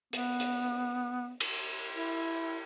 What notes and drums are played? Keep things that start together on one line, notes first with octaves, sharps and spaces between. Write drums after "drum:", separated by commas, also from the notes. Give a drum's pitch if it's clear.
B3, drum: hi-hat
drum: hi-hat
drum: cymbal
E4